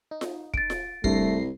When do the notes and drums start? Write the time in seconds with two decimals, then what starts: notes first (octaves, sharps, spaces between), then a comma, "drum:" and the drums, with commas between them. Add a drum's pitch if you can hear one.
0.11 D#4
0.21 drum: snare F4
0.54 A6 D7, drum: kick
0.70 drum: snare F4
1.04 C2 G2 A3 A#6 C7, drum: kick